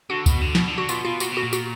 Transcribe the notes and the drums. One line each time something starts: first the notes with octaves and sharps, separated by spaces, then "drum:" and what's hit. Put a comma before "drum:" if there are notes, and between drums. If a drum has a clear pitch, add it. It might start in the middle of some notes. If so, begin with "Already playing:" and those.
D3 F#4
B2, drum: kick, tambourine
D3
B2, drum: snare
D3
F#4
B2 F4, drum: tambourine
B2 F4
A#2 F#4, drum: tambourine
B2 F#4
A#2
F#4, drum: tambourine